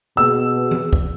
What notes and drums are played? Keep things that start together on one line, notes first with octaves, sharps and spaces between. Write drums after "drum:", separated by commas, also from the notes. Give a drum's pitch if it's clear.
B2 G#4 E6
drum: tom E3
drum: kick